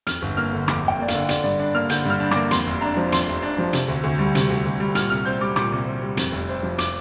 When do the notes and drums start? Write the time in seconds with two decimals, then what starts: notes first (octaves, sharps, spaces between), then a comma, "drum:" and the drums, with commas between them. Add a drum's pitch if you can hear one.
0.07 F2 F6, drum: hi-hat
0.22 G1
0.37 A#3 F6
0.53 D3
0.68 F2 D6, drum: rim click
0.83 G1
0.88 G5
0.99 A#3 D5
1.08 F5, drum: hi-hat
1.14 D3
1.29 D3 D5, drum: hi-hat
1.44 G2 D5
1.60 D4 D5
1.75 A#3 F6
1.89 D3 G6, drum: hi-hat
2.05 G2 F6
2.20 D4
2.31 A#3 D6, drum: rim click
2.51 F2 C6, drum: hi-hat
2.67 F1
2.81 D4 A#5
2.97 F3
3.12 F2 C6, drum: hi-hat
3.28 F1
3.43 D4
3.58 F3
3.73 C3, drum: hi-hat
3.88 D2
4.03 D2
4.18 G3
4.35 C3, drum: hi-hat
4.49 D2
4.65 D2
4.80 G3
4.95 A#2 F6, drum: hi-hat
5.10 C2 F6
5.25 C4 G6
5.41 G3 D6
5.56 A#2 D6, drum: rim click
5.72 C2
5.86 C4
6.02 G3
6.17 F2, drum: hi-hat
6.32 F1
6.49 C4
6.63 F3
6.78 D6, drum: hi-hat